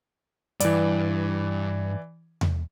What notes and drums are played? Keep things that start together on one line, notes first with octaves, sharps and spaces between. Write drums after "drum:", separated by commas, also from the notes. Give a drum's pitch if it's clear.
G2 E3 D5, drum: hi-hat
drum: tom E2